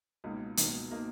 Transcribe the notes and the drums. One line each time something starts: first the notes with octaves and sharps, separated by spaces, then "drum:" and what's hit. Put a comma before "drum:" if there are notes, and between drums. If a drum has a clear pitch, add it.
C#2 B2 A#3 D#4
C#2 B2 A#3 D#4, drum: hi-hat
B2 A#3 D#4